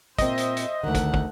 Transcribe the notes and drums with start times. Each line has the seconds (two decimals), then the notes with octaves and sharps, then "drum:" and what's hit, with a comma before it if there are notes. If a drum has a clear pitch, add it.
0.19 A#2 C4 C5 D#5 E5, drum: kick, hi-hat
0.38 drum: hi-hat
0.57 drum: hi-hat
0.83 D2 D#3 A3 F#5
0.95 drum: kick, hi-hat
1.14 drum: kick